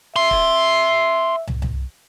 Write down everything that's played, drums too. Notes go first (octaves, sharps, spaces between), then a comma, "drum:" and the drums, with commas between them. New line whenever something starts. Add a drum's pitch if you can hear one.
E5 C6
drum: kick
drum: tom
drum: tom